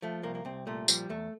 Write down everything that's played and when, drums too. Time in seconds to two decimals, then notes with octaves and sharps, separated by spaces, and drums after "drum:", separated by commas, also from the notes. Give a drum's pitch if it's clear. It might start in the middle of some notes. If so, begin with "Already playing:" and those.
0.02 F3 A3
0.23 C2 A#3
0.35 A#3
0.45 C2 C4
0.67 A#2 A3
0.88 F3 G3, drum: tambourine
1.09 E2 A3